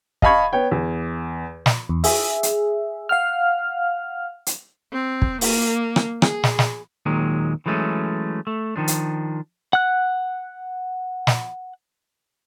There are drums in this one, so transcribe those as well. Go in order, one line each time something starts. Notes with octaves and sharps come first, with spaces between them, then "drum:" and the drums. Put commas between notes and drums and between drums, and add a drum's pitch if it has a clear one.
D#5 F5 A5 B5 C#6 G#6, drum: kick
B3 C#5 G5
E2
drum: snare
E2
G#4 E5, drum: open hi-hat
drum: hi-hat
F5 F#5 F6
drum: hi-hat
C4
drum: kick
A#3, drum: open hi-hat
drum: rim click
G#4, drum: rim click
drum: snare
drum: snare
D#2 A#2 D#3 F#3 G#3
E3 F#3 G#3 A3 C#4
A3
D#3 F3 D4
drum: hi-hat
F#5 F#6
drum: snare